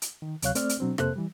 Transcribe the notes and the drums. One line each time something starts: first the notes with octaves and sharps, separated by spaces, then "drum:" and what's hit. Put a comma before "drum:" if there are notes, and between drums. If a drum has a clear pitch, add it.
drum: hi-hat
D#3
D2 C3 F#3 C#5 F5 F#6, drum: hi-hat
A3 C4 D5 F6, drum: hi-hat
drum: hi-hat
B2 F#3 C4 D4
F2 C3 A#3 A4 C5 F#6, drum: rim click
E3 G3